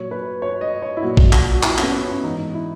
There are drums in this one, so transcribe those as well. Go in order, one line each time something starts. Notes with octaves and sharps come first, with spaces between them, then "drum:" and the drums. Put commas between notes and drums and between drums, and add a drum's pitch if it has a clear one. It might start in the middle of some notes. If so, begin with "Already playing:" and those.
Already playing: A#2 F#3 C#5
B4
C#5
D#5
C#5
E4
A#2 F#3 F#4
drum: kick
drum: clap
F#4
E4, drum: clap
C#4, drum: clap
B3
C#4
G#2 E3 D#4
E4